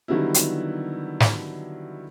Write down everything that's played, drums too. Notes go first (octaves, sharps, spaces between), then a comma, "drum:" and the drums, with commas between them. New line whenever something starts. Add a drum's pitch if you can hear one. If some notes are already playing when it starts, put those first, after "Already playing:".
D3 D#3 F#3 G3 B3 E4
drum: hi-hat
drum: snare